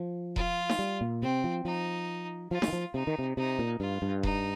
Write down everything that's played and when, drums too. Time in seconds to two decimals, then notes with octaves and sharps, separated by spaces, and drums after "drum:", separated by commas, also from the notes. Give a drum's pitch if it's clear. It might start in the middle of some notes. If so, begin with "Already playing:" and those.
Already playing: F3
0.36 F4, drum: kick E1
0.69 drum: snare D#4
0.79 G3
1.01 A#2
1.22 C3 C4
1.44 F3
1.65 F3 D#4
2.51 F3 F4
2.62 G3, drum: snare D#4
2.68 D#3
2.73 F3
2.94 C3 D#4
3.07 D#3
3.19 C3
3.37 C3 D#4
3.59 A#2
3.80 G2 F4
4.02 G2
4.23 D#4, drum: kick E1